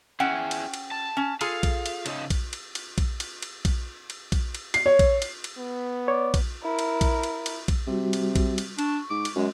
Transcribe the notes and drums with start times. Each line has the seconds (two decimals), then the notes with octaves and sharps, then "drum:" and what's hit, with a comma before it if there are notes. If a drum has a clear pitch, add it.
0.20 C#4 E4 G#4 F#5 G5
0.51 drum: cymbal
0.74 drum: cymbal
0.91 A5
1.17 C#4
1.41 F4 G#4 A4 F5, drum: cymbal
1.63 drum: kick A#1, cymbal
1.86 drum: cymbal
2.06 C#3 F3 D#4, drum: cymbal
2.30 drum: kick A#1, cymbal
2.53 drum: cymbal
2.75 drum: cymbal
2.98 drum: kick A#1, cymbal
3.20 drum: cymbal
3.42 drum: cymbal
3.65 drum: kick A#1, cymbal
4.10 drum: cymbal
4.32 drum: kick A#1, cymbal
4.55 drum: cymbal
4.74 C7, drum: cymbal
4.86 C#5
4.99 drum: kick A#1, cymbal
5.22 drum: cymbal
5.44 drum: cymbal
5.58 B3
6.08 C#5 D5
6.34 drum: kick A#1, cymbal
6.63 E4 A#4
6.79 drum: cymbal
7.01 drum: kick A#1, cymbal
7.23 drum: cymbal
7.46 drum: cymbal
7.68 drum: kick A#1, cymbal
7.87 C3 G3 F#4
8.13 drum: cymbal
8.36 drum: kick A#1, cymbal
8.58 drum: cymbal
8.79 D4 C#6, drum: cymbal
9.10 G#2 D6
9.25 drum: cymbal
9.35 F#2 G#3